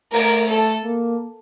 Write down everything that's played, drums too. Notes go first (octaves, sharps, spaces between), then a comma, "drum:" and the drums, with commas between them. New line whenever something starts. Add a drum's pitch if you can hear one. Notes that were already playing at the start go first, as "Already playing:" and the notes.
A3 A#4, drum: open hi-hat
A4
A#3